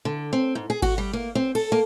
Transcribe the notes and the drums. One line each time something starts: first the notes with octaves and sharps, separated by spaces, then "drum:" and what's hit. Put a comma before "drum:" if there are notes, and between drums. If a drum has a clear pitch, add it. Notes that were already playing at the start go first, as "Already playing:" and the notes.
D3
C4
G#2
G#4
F#4, drum: kick G#1, cymbal
G3
A#3
C4
A4, drum: cymbal
A#3